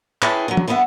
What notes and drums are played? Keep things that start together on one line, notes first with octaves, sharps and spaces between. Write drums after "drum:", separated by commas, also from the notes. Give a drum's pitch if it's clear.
C#4 E4 G#4 B4 G5 A5, drum: clap
D3 F#3
drum: tom
D3 G3 B3 E5 F#5